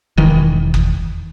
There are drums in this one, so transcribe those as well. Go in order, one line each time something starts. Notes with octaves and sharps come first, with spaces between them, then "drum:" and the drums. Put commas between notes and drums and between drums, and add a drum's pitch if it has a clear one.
E1 D#3 E3
drum: kick F#1